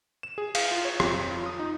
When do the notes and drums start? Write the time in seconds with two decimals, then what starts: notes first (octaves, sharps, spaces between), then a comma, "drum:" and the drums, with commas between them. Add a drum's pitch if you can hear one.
0.23 E7
0.38 G#4
0.55 F5, drum: cymbal
0.71 F4
0.85 C#5
1.00 F2, drum: rim click
1.31 F4
1.46 D#6
1.59 D#4